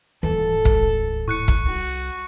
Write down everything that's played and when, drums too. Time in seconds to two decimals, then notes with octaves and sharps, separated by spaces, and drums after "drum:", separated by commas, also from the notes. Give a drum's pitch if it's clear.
0.23 D#1 G#2 E3 A4
0.65 C#2, drum: kick
1.28 A2 C#6 F#6 C#7
1.48 drum: kick
1.66 C2 F#4